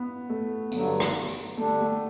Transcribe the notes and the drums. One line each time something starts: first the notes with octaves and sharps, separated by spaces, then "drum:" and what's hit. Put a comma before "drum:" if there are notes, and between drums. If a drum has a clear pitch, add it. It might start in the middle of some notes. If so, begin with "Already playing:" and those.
Already playing: B3
A3
G2 D3 F#3 B3, drum: tambourine
drum: rim click
drum: tambourine
D3 G3 A3 D4 A4
A3